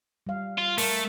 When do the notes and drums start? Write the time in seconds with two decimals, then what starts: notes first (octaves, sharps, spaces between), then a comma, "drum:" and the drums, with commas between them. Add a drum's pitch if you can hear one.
0.27 G3 F5
0.58 F4
0.78 A3 A#4, drum: open hi-hat